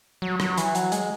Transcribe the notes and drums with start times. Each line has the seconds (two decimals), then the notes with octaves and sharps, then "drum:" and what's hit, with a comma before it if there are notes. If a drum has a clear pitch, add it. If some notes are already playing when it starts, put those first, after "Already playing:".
0.22 F#3
0.40 F#3, drum: rim click
0.58 E3, drum: hi-hat
0.75 F#3, drum: hi-hat
0.92 G#3, drum: hi-hat